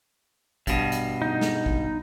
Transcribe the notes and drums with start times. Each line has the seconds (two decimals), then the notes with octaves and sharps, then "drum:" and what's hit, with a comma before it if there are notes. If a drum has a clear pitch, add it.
0.67 G2 B2, drum: kick, hi-hat
0.92 drum: hi-hat
1.22 D#4
1.41 drum: snare
1.66 drum: kick